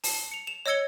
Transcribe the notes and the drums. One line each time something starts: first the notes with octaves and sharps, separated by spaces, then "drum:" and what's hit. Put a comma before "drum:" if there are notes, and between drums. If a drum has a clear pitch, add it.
A5, drum: open hi-hat
C#7 F7
E7 F7
C#5 D#5 E6 G#6 C#7 G7